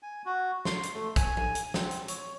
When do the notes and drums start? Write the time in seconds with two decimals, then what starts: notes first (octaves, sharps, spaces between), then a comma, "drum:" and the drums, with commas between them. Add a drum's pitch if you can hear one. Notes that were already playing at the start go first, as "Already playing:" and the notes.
0.03 G#5
0.26 F#4
0.65 C6, drum: snare
0.83 drum: hi-hat
0.94 A3
1.16 G#5, drum: kick, hi-hat
1.37 drum: tom F3
1.55 drum: hi-hat
1.74 C4, drum: snare
1.91 drum: hi-hat
2.08 C#5, drum: hi-hat